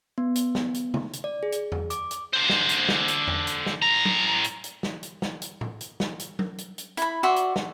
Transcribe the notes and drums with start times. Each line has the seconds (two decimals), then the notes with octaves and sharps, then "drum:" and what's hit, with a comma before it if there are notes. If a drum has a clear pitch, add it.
0.18 B3
0.35 drum: hi-hat
0.55 drum: snare
0.74 drum: hi-hat
0.94 drum: tom C3
1.13 drum: hi-hat
1.24 D5
1.43 G#4
1.52 drum: hi-hat
1.72 drum: tom E2
1.90 D6, drum: hi-hat
2.11 drum: hi-hat
2.33 D3 C5
2.50 drum: snare
2.69 drum: hi-hat
2.89 drum: snare
3.08 drum: hi-hat
3.27 drum: tom E2
3.47 drum: hi-hat
3.66 drum: snare
3.82 A2 A#5
4.05 drum: tom F#3
4.44 drum: hi-hat
4.64 drum: hi-hat
4.83 drum: snare
5.03 drum: hi-hat
5.22 drum: snare
5.42 drum: hi-hat
5.61 drum: tom A2
5.81 drum: hi-hat
6.00 drum: snare
6.19 drum: hi-hat
6.39 drum: tom F#3
6.58 drum: hi-hat
6.78 drum: hi-hat
6.97 E4 B5, drum: hi-hat
7.23 F#4 D5 E5 C6
7.36 drum: hi-hat
7.56 drum: snare